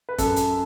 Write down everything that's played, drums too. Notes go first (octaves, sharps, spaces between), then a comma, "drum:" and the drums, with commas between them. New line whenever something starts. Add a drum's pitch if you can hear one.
B4
F#2 A4, drum: kick, hi-hat
drum: hi-hat